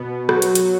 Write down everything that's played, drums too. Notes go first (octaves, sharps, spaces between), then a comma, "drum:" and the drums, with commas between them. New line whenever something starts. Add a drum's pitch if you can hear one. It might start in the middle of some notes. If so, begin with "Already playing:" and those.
Already playing: B2 B3
F#3 F#4, drum: rim click
drum: hi-hat
drum: hi-hat